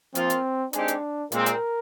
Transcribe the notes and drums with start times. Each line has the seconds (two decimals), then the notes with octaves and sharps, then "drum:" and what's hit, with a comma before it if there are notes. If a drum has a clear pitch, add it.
0.15 F3 A#3 C4 F4, drum: hi-hat
0.30 drum: hi-hat
0.73 G#3 C4 D4 D#4 G4, drum: hi-hat
0.88 drum: hi-hat
1.32 A#2 G#3 C4 A#4, drum: hi-hat
1.46 drum: hi-hat